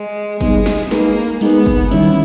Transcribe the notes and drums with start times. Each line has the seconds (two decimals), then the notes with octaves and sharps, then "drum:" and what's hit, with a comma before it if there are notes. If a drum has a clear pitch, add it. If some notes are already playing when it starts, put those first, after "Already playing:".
Already playing: G#3
0.41 G3 G#3 B3 D#4 G#4, drum: kick, hi-hat
0.66 drum: snare
0.91 G#3 A#3 D#4 G#4 B4, drum: snare
1.41 G#3 B3 D#4 G#4 B4, drum: open hi-hat
1.66 drum: kick
1.91 D#3 G3 C#4 E4, drum: hi-hat